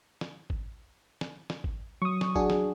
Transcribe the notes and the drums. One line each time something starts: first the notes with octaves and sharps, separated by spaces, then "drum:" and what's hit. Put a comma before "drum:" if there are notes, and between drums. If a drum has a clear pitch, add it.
drum: snare
drum: kick G#1
drum: snare
drum: snare
drum: kick G#1
F#3 C#6 D#6
drum: snare
D4 F#4 G#4, drum: kick G#1
drum: snare